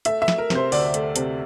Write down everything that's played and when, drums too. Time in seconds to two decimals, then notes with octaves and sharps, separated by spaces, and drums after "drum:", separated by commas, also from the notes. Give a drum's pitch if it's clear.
0.05 A3 E5, drum: hi-hat
0.22 E5
0.28 A3, drum: snare
0.38 A#4
0.50 C3, drum: snare
0.55 C5
0.72 D2 D5, drum: open hi-hat
0.94 A3, drum: hi-hat
1.16 C3, drum: hi-hat